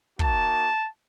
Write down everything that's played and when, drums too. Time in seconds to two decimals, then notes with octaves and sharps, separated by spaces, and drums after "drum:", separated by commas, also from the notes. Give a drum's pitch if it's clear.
0.19 A#3 D#4 F#4 A5, drum: kick